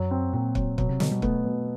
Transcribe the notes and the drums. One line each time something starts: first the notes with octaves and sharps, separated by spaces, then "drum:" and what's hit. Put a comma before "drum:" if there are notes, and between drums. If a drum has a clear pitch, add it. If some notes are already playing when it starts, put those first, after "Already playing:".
Already playing: F#2 F#3
C4
A#2 C4
F#3, drum: kick
B2 F#3, drum: kick
C3
B2 D3, drum: snare
G3
A3 B3, drum: kick
B2